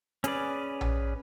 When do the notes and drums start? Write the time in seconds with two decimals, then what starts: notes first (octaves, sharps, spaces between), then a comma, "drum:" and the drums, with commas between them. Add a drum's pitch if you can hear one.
0.24 C#4 G#4 B4 D5, drum: hi-hat
0.81 drum: tom A#1